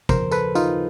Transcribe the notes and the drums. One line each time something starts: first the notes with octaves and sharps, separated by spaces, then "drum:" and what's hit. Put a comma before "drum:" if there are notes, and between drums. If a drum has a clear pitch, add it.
D#2 C#3 F3 A#4 C5, drum: kick, tambourine
A4 B4, drum: tambourine
D#4 F4, drum: tambourine